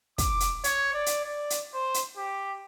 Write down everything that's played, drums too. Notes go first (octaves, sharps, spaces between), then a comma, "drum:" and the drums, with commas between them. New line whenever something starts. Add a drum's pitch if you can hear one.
D6, drum: kick, hi-hat
drum: hi-hat
C#5, drum: hi-hat
D5
drum: hi-hat
D5
drum: hi-hat
C5
drum: hi-hat
G4